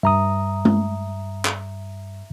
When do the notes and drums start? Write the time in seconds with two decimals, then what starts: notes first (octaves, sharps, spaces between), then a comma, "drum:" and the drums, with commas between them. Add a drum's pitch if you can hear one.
0.03 G2 E5 A#5 D#6
0.65 drum: tom G#3
1.45 drum: clap